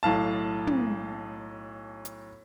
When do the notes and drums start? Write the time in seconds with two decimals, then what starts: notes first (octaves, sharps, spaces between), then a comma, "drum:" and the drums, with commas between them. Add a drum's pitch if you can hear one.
0.03 B1 A2 F5 A5
0.67 drum: tom
2.05 drum: hi-hat